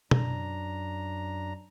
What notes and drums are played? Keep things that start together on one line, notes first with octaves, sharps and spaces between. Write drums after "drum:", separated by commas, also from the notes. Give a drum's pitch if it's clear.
F#2 D4 A#5, drum: tom